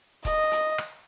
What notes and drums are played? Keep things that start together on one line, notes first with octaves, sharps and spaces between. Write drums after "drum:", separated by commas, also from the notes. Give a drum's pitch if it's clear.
D#5, drum: kick D#1, hi-hat
drum: hi-hat
drum: rim click